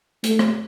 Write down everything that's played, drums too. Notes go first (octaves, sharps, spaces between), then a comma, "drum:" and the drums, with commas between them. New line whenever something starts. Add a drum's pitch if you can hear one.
A3, drum: hi-hat
drum: rim click